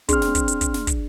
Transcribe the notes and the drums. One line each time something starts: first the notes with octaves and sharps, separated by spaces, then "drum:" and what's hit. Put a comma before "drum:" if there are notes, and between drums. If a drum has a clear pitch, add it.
C4 D4 G#4 C6 F6, drum: kick, hi-hat
drum: snare
drum: kick, hi-hat
drum: hi-hat
drum: kick, hi-hat
drum: snare
drum: kick, hi-hat